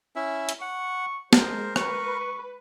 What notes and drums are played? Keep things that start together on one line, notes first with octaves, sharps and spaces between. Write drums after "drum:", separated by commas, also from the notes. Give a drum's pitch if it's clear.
C#4 E4 E5
drum: hi-hat
F#5 C#6
G#3 A#4 C5, drum: snare
B4 C#6, drum: rim click